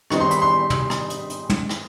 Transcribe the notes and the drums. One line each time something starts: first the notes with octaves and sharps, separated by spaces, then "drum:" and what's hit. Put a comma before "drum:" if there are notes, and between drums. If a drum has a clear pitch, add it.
D#3 G3 C4 D#4 C#6, drum: rim click
C6
B5, drum: hi-hat
C6
drum: tom
drum: rim click
drum: hi-hat
drum: hi-hat
drum: tom
drum: rim click